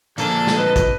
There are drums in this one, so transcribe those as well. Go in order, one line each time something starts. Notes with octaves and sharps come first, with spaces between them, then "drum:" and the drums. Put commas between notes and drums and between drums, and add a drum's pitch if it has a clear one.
A#2 D3 F3 A#3 D4 G#4 A4 A5, drum: hi-hat
drum: snare
B4 D#5
drum: kick, hi-hat